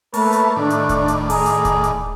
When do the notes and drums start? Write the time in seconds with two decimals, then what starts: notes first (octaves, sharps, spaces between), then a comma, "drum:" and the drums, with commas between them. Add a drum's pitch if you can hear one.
0.14 A3 A#3 B4 C#5 A5, drum: open hi-hat
0.33 drum: hi-hat
0.56 A2 D#3 A3 D4 D5
0.70 drum: hi-hat
0.89 drum: kick D#1, hi-hat
1.08 drum: hi-hat
1.30 G#4 A#5, drum: open hi-hat
1.46 drum: hi-hat
1.65 drum: kick D#1, hi-hat
1.84 drum: hi-hat